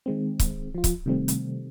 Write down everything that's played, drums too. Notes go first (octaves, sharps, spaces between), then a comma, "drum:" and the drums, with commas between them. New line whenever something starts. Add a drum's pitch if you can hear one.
D#3 G#3 C4
drum: kick C#1, hi-hat
F3 F4
drum: kick C#1, hi-hat
C3 D#3 G3 A3 C4
drum: hi-hat